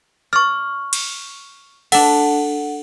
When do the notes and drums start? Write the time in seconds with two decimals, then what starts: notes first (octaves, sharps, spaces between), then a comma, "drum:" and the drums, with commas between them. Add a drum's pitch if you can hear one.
0.33 D5 C#6 F6
0.93 drum: cymbal
1.92 D4 A4 F#5, drum: cymbal